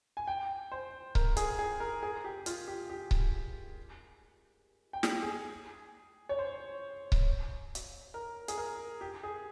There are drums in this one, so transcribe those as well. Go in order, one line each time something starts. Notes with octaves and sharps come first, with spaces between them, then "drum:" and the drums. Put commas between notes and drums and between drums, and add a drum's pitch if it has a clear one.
G#5
G5
C5
A#4, drum: kick C#1
G#4, drum: hi-hat
G#4
A#4
G#4
G4
F4, drum: hi-hat
G4
G4
drum: kick C#1
G5
drum: snare
G#4
C#5
C5
drum: kick C#1
drum: hi-hat
A#4
G#4, drum: hi-hat
A#4
G4
G#4